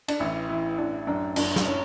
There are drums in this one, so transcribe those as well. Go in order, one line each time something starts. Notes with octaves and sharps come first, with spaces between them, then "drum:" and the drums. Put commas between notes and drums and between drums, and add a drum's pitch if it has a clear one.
D4, drum: cymbal
A1 E3 E4
E3 E4
A1 D4
F#2 D4
F#1 D4, drum: cymbal
drum: snare
C#4